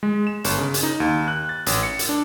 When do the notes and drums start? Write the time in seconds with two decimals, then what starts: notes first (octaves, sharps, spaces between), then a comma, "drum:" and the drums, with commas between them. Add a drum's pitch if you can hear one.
0.03 G#3
0.27 E7
0.44 G1, drum: hi-hat
0.58 C#3
0.74 drum: hi-hat
0.83 D#4
1.00 D#2
1.28 F#6
1.49 A6
1.66 A1, drum: hi-hat
1.83 C#7
1.99 drum: hi-hat
2.09 D4